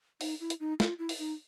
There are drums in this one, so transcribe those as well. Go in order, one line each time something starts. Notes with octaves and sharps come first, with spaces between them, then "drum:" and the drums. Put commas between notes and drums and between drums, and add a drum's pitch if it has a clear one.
D#4, drum: open hi-hat
E4
drum: hi-hat
D#4
F4, drum: snare
E4
drum: open hi-hat
D#4